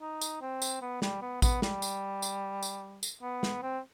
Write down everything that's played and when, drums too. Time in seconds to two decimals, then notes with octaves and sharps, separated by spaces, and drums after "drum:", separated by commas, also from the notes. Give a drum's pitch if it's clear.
0.02 D#4
0.21 drum: tambourine
0.41 C4
0.62 drum: tambourine
0.82 B3
1.02 G3, drum: snare
1.22 B3
1.42 B3, drum: kick A1, tambourine
1.62 G3, drum: snare
1.82 drum: tambourine
2.22 drum: tambourine
2.63 drum: tambourine
3.03 drum: tambourine
3.22 B3
3.43 drum: snare
3.63 C4